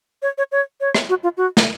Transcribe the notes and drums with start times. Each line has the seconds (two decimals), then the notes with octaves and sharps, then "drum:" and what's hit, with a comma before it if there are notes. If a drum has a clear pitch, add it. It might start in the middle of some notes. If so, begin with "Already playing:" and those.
0.22 C#5
0.38 C#5
0.52 C#5
0.81 C#5
0.95 drum: rim click
1.09 F#4
1.23 F4
1.37 F#4
1.57 drum: snare